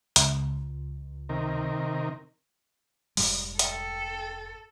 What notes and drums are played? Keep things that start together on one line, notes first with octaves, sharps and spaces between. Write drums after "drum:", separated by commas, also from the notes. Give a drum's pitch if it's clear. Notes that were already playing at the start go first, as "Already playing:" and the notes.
C#2, drum: hi-hat
C3 D#3 A#4
F1 G#2 G3, drum: open hi-hat
A4 G5, drum: hi-hat